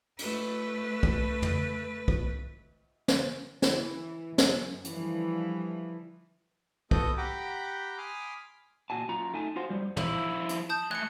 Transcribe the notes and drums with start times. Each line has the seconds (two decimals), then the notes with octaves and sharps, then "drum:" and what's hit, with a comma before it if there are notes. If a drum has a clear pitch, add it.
0.19 A3 B4, drum: cymbal
1.03 drum: kick
1.42 drum: tom
2.08 drum: kick
3.08 drum: snare
3.62 E3, drum: snare
4.38 F#2, drum: snare
4.84 D3 E3 F3 G3, drum: hi-hat
6.91 B3 F#4 A4 D#5 D#6 G6, drum: kick
7.17 G4 F#5 G5 A#5 B5 D6
7.98 G#5 B5 C6 D6 D#6 F6
8.90 A#2 F#4 G#5 A5
9.09 F#2 F4 A#5
9.34 A3 D#4 G#5 A5
9.56 F4 F#4 C5
9.70 F#2 G3 C5
9.97 F3 E4, drum: tom
10.49 drum: hi-hat
10.69 A5 D#6 G6
10.91 A3 G#5 F#6 C#7